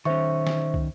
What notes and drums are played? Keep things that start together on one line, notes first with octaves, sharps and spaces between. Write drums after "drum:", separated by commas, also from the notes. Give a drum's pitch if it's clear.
D#3 C#4 C5 E5 C#6
drum: snare
drum: kick